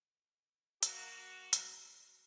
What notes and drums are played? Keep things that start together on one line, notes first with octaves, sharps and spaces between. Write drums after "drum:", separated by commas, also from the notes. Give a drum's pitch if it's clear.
A#3 F#4, drum: hi-hat
drum: hi-hat